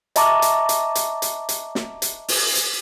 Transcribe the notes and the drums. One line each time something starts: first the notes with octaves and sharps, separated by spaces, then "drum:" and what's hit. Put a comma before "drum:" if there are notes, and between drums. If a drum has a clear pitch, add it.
D#5 E5 A5 A#5 C#6 D6, drum: hi-hat
drum: hi-hat
drum: hi-hat
drum: hi-hat
drum: hi-hat
drum: hi-hat
drum: snare
drum: hi-hat
drum: open hi-hat
drum: hi-hat